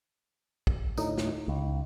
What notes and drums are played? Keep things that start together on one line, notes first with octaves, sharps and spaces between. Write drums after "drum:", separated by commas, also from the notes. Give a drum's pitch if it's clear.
drum: kick
D2 A2 D#4, drum: tambourine
drum: snare
C#2